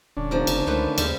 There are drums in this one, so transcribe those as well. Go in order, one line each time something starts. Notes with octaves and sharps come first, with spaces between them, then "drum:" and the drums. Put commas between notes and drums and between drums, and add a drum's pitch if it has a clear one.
D#1 D3 C#4 D4
F1 F3 A#4
F#1, drum: cymbal
C#2 D#3 A3 B4 C5
D#2 C#3 G3 G#3, drum: cymbal